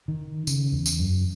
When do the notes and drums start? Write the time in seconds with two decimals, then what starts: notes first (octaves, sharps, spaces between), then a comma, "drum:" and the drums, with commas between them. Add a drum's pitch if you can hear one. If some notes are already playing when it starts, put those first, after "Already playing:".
0.08 D#3
0.47 C#3, drum: tambourine
0.73 E2
0.86 drum: tambourine
0.99 F#2